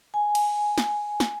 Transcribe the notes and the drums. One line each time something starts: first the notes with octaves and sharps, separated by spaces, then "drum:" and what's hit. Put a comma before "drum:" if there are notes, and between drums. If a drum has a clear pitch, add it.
G#5
drum: cymbal
drum: snare
drum: snare